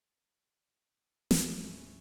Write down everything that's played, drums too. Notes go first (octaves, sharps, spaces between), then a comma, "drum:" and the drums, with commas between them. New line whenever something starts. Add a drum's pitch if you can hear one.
drum: snare
C2 G2 E3 G#3 C4 C#4